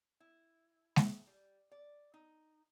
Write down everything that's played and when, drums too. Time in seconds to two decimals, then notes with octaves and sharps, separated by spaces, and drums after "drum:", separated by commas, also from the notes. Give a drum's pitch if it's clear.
0.20 E4
0.96 drum: snare G#3
1.27 G3
1.72 D5
2.14 D#4